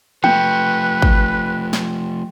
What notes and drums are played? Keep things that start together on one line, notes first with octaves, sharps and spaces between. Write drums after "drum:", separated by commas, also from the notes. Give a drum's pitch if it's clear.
F3 A3 B4 G5, drum: tom G#3
drum: kick G#1
drum: snare